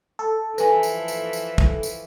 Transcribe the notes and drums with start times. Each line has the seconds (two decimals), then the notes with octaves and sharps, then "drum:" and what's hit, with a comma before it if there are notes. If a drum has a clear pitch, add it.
0.19 A4
0.58 E3 F3 B4 G#5, drum: tambourine
0.83 drum: tambourine
1.08 drum: tambourine
1.33 drum: tambourine
1.58 drum: kick
1.83 drum: tambourine